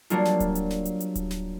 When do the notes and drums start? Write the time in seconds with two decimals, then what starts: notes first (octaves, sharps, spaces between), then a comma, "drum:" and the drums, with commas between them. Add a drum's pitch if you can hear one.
0.10 F#3 G3 A#3 D4 F4, drum: hi-hat
0.25 drum: snare
0.40 drum: kick D1, hi-hat
0.55 drum: hi-hat
0.70 drum: snare
0.85 drum: hi-hat
1.00 drum: hi-hat
1.15 drum: kick D1, hi-hat
1.31 drum: snare